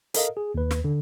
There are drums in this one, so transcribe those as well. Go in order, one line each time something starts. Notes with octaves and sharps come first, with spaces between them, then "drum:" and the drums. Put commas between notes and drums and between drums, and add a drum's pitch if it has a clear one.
A4 A#4 D#5 F5, drum: hi-hat
G#4
D#2 B4
drum: snare
D3